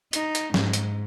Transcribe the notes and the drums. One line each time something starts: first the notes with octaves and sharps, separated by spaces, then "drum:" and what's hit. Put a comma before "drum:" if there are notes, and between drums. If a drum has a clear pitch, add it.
D#4, drum: hi-hat
drum: hi-hat
G#2, drum: snare
drum: hi-hat